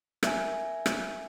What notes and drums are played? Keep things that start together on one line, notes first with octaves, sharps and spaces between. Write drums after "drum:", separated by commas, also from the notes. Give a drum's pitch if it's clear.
A#4 E5 G#5, drum: rim click
drum: rim click